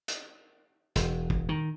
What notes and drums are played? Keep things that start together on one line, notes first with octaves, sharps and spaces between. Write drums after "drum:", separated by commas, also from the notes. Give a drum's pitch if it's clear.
drum: hi-hat
E1, drum: hi-hat
drum: kick
D#3